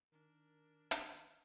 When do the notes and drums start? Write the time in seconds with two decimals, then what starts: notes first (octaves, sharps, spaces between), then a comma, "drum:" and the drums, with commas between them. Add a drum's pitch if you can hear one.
0.12 D#3 D4 A#4
0.91 drum: hi-hat